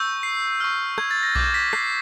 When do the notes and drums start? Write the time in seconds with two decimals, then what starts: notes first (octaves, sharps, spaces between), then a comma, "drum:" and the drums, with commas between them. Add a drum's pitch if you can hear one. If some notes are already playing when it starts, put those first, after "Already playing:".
Already playing: C#6 E6 G6
0.23 C7
0.60 C#6 F6
0.98 G#6, drum: rim click
1.11 A6
1.23 A#6
1.35 D6 G6 A#6, drum: kick B1
1.54 B6
1.73 C7, drum: rim click